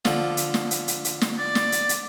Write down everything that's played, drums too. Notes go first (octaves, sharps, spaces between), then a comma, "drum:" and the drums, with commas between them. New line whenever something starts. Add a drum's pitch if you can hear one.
D3 F3, drum: snare
drum: hi-hat
drum: snare
drum: hi-hat
drum: hi-hat
drum: hi-hat
drum: snare
D5
drum: snare
drum: hi-hat
drum: hi-hat